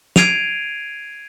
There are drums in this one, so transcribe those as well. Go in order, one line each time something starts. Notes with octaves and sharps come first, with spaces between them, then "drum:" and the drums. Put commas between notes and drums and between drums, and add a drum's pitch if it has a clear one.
G#6 C7 D7 D#7 F7, drum: snare